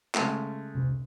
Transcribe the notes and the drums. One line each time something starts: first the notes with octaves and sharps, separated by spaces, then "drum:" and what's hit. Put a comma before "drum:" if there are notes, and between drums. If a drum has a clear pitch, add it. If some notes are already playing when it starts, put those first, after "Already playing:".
C#3 G#3 A3, drum: clap
drum: tom C3